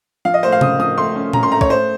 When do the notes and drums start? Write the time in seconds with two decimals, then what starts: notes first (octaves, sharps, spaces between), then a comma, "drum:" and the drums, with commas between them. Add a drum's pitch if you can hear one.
0.25 F3 F5
0.34 D#5
0.43 A3 C5
0.52 F5
0.61 C#3 D#6, drum: tom C3
0.79 F3 D#6
0.98 A3 C6
1.15 C#4
1.33 C#4 A#5, drum: tom A#2
1.43 C6
1.52 A3 A#5
1.61 C#5, drum: kick
1.70 A3 C5